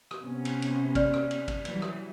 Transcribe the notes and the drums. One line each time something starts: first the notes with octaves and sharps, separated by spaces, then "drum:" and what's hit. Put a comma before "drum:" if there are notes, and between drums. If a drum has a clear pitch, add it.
drum: rim click
C3 B3 C#4
drum: cymbal
drum: cymbal
D5 F6, drum: kick, cymbal
drum: rim click
drum: cymbal
drum: kick, cymbal
E3 F#3 G3, drum: cymbal
drum: rim click